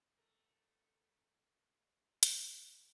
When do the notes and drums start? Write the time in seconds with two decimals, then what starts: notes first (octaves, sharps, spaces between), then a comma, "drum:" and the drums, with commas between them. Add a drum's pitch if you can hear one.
0.17 A3 A#4
2.23 drum: hi-hat